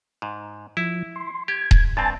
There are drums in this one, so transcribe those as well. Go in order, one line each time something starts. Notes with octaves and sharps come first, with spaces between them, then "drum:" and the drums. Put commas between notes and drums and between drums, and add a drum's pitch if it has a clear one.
G#2
F3 E4
C6
G4 G#6
drum: kick D#1
G2 C4 G#5 A5 A6